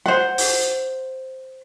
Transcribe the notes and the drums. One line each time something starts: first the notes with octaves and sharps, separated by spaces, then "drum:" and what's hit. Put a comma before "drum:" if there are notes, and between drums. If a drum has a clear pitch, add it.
C5 F#5
drum: open hi-hat